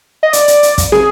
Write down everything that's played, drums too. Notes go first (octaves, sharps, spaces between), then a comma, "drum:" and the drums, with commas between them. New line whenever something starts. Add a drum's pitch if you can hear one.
D#5
D5, drum: hi-hat
drum: hi-hat
drum: hi-hat
drum: kick, hi-hat
G#4, drum: snare